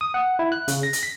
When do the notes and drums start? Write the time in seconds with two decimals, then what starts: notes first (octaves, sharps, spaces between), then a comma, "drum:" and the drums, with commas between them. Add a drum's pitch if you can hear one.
0.01 D#6
0.14 F#5
0.39 E4
0.52 F#6
0.68 C#3, drum: hi-hat
0.83 A#6
0.93 drum: hi-hat
1.03 B6